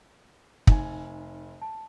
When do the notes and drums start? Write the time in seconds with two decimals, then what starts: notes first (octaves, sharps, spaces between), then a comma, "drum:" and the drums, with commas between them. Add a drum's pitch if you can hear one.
0.67 F1 D#4 G#5, drum: kick
1.62 A5